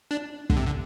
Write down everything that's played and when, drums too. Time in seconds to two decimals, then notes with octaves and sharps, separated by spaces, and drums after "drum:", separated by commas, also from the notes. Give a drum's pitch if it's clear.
0.11 D4
0.50 D3, drum: kick
0.57 C3
0.66 D3